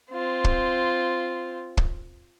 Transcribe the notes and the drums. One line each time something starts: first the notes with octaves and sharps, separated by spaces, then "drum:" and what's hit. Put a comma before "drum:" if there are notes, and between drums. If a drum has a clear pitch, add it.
C4 F4
drum: kick
drum: kick